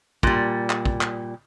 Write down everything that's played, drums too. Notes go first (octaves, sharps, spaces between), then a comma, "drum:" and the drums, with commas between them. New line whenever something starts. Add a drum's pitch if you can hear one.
A#2 G3, drum: kick
drum: clap
drum: kick
drum: clap